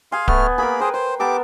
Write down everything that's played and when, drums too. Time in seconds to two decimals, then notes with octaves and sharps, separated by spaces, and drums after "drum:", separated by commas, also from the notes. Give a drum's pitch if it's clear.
0.12 G#4 F5 G#5 C6
0.28 A3 B3 F6, drum: kick D1
0.58 A#3 G#4 A#4 B5
0.80 G#4 B4 C5 G5
0.94 C5 C6
1.20 B3 G4 A4 A#4 D6